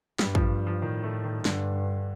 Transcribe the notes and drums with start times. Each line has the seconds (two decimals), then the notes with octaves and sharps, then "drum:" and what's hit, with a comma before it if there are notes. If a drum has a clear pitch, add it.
0.19 G2 G3, drum: snare
0.35 F3, drum: kick
0.67 F3
0.82 A2 D#3
1.03 A3
1.25 D#3
1.45 G2 D3, drum: snare